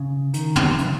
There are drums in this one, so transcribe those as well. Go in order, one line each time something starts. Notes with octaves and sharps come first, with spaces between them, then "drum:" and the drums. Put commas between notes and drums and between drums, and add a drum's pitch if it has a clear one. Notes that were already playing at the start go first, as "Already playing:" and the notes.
Already playing: C#3
D#3, drum: hi-hat
drum: tom
C#3, drum: hi-hat